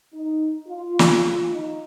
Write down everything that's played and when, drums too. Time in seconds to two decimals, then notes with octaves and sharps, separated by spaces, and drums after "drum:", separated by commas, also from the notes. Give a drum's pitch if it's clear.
0.13 D#4
0.67 F4
0.99 drum: snare
1.13 F4
1.52 D#4